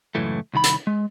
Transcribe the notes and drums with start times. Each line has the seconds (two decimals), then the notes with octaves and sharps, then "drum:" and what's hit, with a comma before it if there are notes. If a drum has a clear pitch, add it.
0.15 C#2 F#2 A2 E3 A3
0.54 C2 D#3 B5
0.64 drum: hi-hat
0.87 G#3